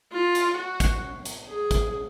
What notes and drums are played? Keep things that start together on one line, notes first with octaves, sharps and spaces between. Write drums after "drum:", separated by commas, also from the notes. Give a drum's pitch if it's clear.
F4
drum: hi-hat
F#4
drum: kick, hi-hat
drum: hi-hat
G#4
drum: kick, hi-hat